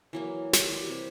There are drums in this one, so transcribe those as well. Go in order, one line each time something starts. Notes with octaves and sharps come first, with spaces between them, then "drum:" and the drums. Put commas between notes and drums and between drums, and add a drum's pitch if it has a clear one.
E3 F#3 A#3
E4, drum: snare
G3
C3 C#6